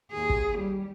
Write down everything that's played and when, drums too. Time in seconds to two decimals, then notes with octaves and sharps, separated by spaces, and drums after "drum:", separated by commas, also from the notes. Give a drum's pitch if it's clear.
0.12 D#2 G#4
0.30 drum: kick
0.59 G3